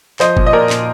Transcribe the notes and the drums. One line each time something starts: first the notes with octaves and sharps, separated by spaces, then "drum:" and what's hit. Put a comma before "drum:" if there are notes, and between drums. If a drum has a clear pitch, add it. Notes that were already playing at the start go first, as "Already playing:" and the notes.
F3 C5 D#5, drum: clap
A#2, drum: kick F#1
D#5
A#2 A#4 D5
A#2, drum: clap